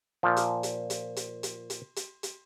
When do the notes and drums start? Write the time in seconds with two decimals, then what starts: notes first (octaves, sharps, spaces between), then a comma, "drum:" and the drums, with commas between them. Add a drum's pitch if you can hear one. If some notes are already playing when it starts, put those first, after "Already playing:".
0.23 A#2 F3
0.37 drum: hi-hat
0.63 drum: hi-hat
0.90 drum: hi-hat
1.16 drum: hi-hat
1.43 drum: hi-hat
1.70 drum: hi-hat
1.96 drum: hi-hat
2.23 drum: hi-hat